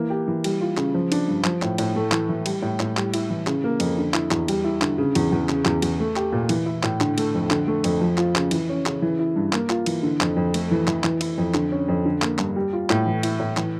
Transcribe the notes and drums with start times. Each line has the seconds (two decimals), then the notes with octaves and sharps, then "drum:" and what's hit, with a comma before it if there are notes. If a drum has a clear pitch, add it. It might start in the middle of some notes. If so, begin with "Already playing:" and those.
Already playing: E3 A#3
0.10 G4
0.28 E3
0.44 G3, drum: cymbal
0.61 F4
0.77 C#3, drum: clap
0.94 F3
1.12 D4, drum: cymbal
1.28 G2
1.44 F3, drum: clap
1.62 A2, drum: clap
1.78 A2, drum: cymbal
1.96 A3
2.12 E3, drum: clap
2.29 E3
2.46 G3, drum: cymbal
2.62 A2
2.80 A2, drum: clap
2.97 G3, drum: clap
3.14 E4, drum: cymbal
3.30 E3
3.47 C#3, drum: clap
3.64 A#3
3.80 F2, drum: cymbal
3.98 D3
4.14 E4, drum: clap
4.31 E2, drum: clap
4.48 G3, drum: cymbal
4.64 E4
4.82 D3, drum: clap
4.98 C#3
5.15 E2, drum: cymbal
5.32 E2
5.49 C#3, drum: clap
5.65 E2, drum: clap
5.82 E2, drum: cymbal
6.00 A3
6.16 G4, drum: clap
6.32 A#2
6.49 E3, drum: cymbal
6.66 E4
6.83 A2, drum: clap
7.01 D3, drum: clap
7.18 A3, drum: cymbal
7.34 F2
7.50 D3, drum: clap
7.67 A3
7.84 F2, drum: cymbal
8.01 F3
8.18 F4, drum: clap
8.35 C#3, drum: clap
8.51 E3, drum: cymbal
8.69 C#4
8.86 C#3, drum: clap
9.02 E3
9.19 E4
9.36 G2
9.53 A#3, drum: clap
9.69 F4, drum: clap
9.86 E3, drum: cymbal
10.03 D3
10.21 F2, drum: clap
10.37 F2
10.54 A3, drum: cymbal
10.71 E3
10.87 E3, drum: clap
11.04 E3, drum: clap
11.21 E4, drum: cymbal
11.38 F2
11.54 D3, drum: clap
11.72 C#4
11.88 F2
12.05 D3
12.22 A#3, drum: clap
12.38 G2, drum: clap
12.56 G3
12.73 F4
12.90 A2, drum: clap
13.06 E3
13.23 E4, drum: cymbal
13.40 A2
13.57 E3, drum: clap